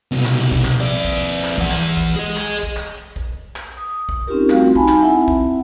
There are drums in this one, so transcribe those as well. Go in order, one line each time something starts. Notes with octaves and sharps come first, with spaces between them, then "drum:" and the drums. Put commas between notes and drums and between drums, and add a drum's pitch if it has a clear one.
C2 B2
drum: clap
drum: kick
drum: clap
F2 D5
drum: kick
drum: clap
E3 F#5, drum: kick
drum: clap
drum: kick
G#4 D#5
drum: clap
drum: kick
drum: clap
drum: kick
drum: clap
D#6
drum: kick
C4 C#4 D#4 F4 G4 A#4
G3 A3 C4 F4 F#4 F5, drum: clap
D#4 G#5 A5 B5, drum: kick
drum: clap
C4 E4 E5 F#5
drum: kick